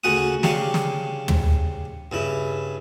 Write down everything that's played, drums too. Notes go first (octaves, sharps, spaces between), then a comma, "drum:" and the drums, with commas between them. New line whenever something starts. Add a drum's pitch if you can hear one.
D2 C#3 C#4 F#4 F#5 D#6
C#3 D4 G4 F5 C#6, drum: snare
drum: snare
drum: tom
G2 C#3 E4